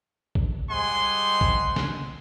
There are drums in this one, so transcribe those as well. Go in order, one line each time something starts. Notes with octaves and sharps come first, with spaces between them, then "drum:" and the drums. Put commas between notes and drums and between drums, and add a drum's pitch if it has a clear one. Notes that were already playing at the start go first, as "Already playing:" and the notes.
drum: kick
G3 G#3 C5 F#5 G#5 C6
drum: kick
drum: snare